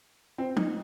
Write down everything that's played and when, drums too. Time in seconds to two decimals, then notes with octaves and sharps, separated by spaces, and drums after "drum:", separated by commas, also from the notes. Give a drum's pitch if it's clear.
0.38 C4
0.57 D#4, drum: tom